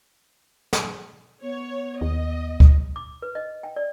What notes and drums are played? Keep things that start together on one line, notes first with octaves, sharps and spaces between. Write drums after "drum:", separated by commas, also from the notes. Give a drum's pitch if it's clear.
drum: snare
B3 C#5
D#2 D#5
drum: kick D2
D6
B4
D#5
G5
D5